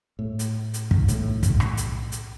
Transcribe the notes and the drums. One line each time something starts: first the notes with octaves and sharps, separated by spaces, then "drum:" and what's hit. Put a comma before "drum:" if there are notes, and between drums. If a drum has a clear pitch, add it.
A2
drum: hi-hat
drum: hi-hat
drum: kick
B1 A2, drum: hi-hat
drum: kick, hi-hat
drum: rim click
drum: hi-hat
drum: hi-hat